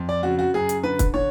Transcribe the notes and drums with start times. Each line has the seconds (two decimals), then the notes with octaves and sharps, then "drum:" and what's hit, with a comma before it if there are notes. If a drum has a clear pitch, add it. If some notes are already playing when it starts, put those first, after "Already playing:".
Already playing: F2
0.09 D5
0.23 C#3 F#4
0.39 F#4
0.54 F#2 G#4
0.69 drum: hi-hat
0.83 D3 B4
0.99 drum: kick, hi-hat
1.14 D3 C#5